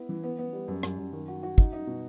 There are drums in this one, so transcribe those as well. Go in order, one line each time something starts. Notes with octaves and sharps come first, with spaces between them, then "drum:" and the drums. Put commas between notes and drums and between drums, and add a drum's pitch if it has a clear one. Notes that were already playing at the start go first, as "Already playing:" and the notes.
Already playing: B3 E4
E3
B3
B3
G3
F#2
F#2, drum: rim click
F#2
D#3
F#4
F#4
D#4, drum: kick
D#4
B2